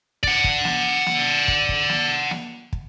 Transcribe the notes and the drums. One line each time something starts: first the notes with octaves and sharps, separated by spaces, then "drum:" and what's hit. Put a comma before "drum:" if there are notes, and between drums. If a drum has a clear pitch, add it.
D5 F#5, drum: kick
drum: kick
drum: snare
drum: snare
drum: kick
drum: kick
drum: snare
drum: snare
drum: kick